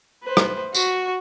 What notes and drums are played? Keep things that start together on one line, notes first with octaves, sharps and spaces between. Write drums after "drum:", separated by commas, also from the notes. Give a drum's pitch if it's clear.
B4 C5
drum: rim click
F#4 C#6, drum: tambourine